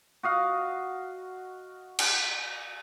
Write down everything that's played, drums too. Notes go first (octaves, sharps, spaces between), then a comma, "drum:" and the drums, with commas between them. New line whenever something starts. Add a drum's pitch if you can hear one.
F#4 D#5 F5
drum: cymbal